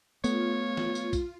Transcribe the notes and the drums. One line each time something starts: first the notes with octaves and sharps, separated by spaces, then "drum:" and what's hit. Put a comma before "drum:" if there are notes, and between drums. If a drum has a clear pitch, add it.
A3 B3 F4 C#5, drum: tambourine
drum: snare
drum: tambourine
drum: kick A#1, tambourine